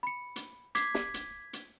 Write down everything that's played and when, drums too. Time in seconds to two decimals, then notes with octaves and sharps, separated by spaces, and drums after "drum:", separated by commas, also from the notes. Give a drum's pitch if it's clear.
0.03 B5 C#7
0.36 drum: hi-hat
0.75 D6 G#6 B6 C7, drum: hi-hat
0.94 drum: snare
1.14 drum: hi-hat
1.53 drum: hi-hat